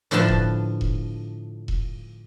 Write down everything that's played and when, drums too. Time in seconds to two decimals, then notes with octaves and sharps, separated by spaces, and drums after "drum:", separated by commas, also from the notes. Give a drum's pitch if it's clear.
0.11 A2 D3 F3 F4 B4 A5
0.29 drum: kick E1
0.81 drum: kick E1
1.68 drum: kick E1